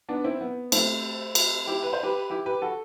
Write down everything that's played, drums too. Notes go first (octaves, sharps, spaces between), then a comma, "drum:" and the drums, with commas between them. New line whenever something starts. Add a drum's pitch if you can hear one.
B3 D4
C4 E4
B3
A3 C4, drum: cymbal
drum: cymbal
E4 G4
B4
C5
G4 B4
E4 G4
G4 B4
F#4 A4